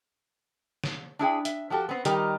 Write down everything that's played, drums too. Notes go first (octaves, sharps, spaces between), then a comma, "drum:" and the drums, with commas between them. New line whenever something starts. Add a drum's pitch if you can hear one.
drum: snare
D4 E4 G#4 G5
E5, drum: hi-hat
F3 F#4 G4 A4
B3 C4
D#3 G3 D#4 G4 A#4, drum: hi-hat